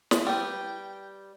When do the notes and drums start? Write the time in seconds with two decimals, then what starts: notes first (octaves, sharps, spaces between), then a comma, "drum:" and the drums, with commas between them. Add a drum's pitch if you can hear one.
0.11 drum: snare
0.27 G3 B4 G5